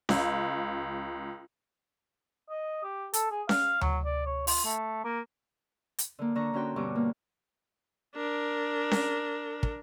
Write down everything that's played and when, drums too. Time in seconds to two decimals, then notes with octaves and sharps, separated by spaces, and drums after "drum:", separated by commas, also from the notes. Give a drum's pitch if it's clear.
0.09 C#2, drum: snare C#4
2.50 D#5
2.84 G4
3.14 A4, drum: hi-hat
3.31 G#4
3.49 F5, drum: snare C#4
3.81 F#3, drum: tom D2
4.05 D5
4.26 C#5
4.47 F4, drum: open hi-hat
4.65 A3
5.04 A#3
5.99 drum: hi-hat
6.19 D3 A#3
6.35 D3 D4 A#5 C#6
6.53 D3 C#4 F#4 G5 C6
6.76 G2 B2 D3 C#6 D6
6.95 A#3
8.15 D4 A#4
8.91 drum: snare C#4
9.63 drum: kick